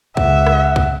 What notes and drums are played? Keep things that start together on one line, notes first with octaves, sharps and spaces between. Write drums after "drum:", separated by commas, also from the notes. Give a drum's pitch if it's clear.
C#2 E5 F#5, drum: kick
drum: rim click
drum: kick